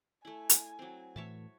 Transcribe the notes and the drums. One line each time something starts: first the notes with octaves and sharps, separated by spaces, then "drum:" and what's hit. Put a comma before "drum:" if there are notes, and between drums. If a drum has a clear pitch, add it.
A3 E4 G#5
drum: hi-hat
F#3 C4
A2 E3 A3 C#5 E5 A5